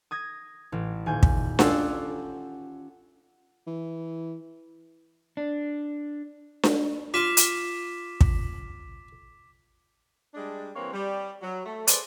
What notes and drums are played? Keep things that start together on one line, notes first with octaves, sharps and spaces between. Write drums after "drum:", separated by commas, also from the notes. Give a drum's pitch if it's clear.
D#6 G#6 A#6
A1
D#1 G#5 G6
drum: kick
C#4 F4 G4 A4 F#5 E6, drum: snare D4
E3
D4
drum: snare D4
F4 F5 D6 B6 E7
drum: hi-hat
drum: kick
G3 G#3 D4
E3 G3 A#3 C4 C#5
G3
F#3
A3
G#4 A4 B4 C5 D5, drum: hi-hat